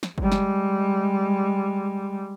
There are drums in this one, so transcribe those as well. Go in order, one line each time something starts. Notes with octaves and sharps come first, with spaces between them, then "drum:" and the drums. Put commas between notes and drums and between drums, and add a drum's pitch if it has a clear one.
drum: snare
G3 G#3, drum: kick
drum: snare